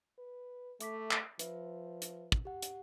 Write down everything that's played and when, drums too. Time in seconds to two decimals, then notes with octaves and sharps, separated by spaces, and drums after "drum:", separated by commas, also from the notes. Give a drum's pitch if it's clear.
0.19 B4
0.81 A3 E5 D6 B6, drum: hi-hat
1.11 drum: clap
1.39 F3 B4 E5, drum: hi-hat
2.02 drum: hi-hat
2.32 drum: kick
2.45 G4 F#5
2.62 drum: hi-hat